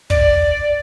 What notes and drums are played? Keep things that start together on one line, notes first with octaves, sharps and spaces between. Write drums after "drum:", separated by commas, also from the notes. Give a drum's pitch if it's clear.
D5, drum: kick